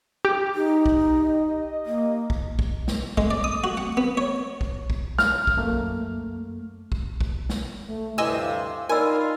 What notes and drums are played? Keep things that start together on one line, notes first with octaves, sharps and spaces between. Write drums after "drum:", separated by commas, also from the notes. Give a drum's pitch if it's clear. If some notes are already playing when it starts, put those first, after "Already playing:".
G4
D#4
drum: kick
D#5
A#3
drum: kick
drum: kick
drum: snare
G#3, drum: kick
D5
D#6
F#4
F#5
B3
C#5
drum: kick
drum: kick
F6, drum: snare
drum: kick
F#2 A3 A#3
drum: kick
drum: kick
drum: snare
A3
D2 G2 C3 E4 D#5 G#5 E6
F5
D#4 F4 A#4 D5 G#5 B5 E6